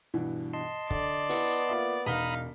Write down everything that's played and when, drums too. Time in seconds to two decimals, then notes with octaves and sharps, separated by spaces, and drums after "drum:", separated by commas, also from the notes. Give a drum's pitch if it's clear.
0.14 G2 B2 E3
0.54 D#5 A5 C6
0.90 D3 D5, drum: kick
1.29 B3 E4, drum: open hi-hat
1.69 A#3 F4 E5
2.06 E1 D#4 F5 A#5 B5 D#6 B6 G7